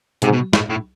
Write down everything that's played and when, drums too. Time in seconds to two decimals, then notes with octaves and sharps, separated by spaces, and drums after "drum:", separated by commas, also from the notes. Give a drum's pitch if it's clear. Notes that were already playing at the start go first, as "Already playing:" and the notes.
0.22 G#2 C3, drum: hi-hat
0.33 B2
0.53 A2, drum: snare
0.69 A2